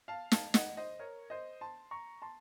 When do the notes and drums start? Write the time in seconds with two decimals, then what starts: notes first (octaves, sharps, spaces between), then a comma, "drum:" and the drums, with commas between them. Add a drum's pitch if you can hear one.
0.08 F5 A5
0.32 F5 A5, drum: snare
0.54 D#5 F#5, drum: snare
0.77 C5 D#5
0.99 A#4 C#5
1.30 C5 D#5
1.61 A5 C6
1.91 A#5 C#6
2.22 A5 C6